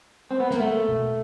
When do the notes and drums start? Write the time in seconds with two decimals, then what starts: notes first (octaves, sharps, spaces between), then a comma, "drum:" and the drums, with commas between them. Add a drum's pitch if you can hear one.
0.31 C4
0.40 B3
0.51 A#3, drum: snare
0.60 A3
0.89 drum: tom B2